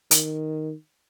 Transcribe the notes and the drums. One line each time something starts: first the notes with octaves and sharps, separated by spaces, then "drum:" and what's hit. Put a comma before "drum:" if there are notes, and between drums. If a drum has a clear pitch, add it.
D#3, drum: hi-hat